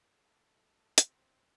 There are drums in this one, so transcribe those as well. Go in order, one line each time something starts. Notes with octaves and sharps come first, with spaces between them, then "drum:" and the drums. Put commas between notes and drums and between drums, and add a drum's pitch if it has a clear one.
A4
C4, drum: hi-hat